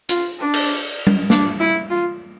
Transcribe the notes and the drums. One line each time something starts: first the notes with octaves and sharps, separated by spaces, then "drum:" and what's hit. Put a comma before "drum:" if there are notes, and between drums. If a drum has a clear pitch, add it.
F4, drum: hi-hat
D4
drum: cymbal
drum: tom G3
D4, drum: snare
E4
F4